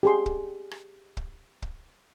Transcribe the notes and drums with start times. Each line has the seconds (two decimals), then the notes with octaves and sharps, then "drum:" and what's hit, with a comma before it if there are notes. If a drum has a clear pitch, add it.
0.03 G4 G#4 C6
0.26 drum: kick
0.71 drum: rim click
1.17 drum: kick
1.62 drum: kick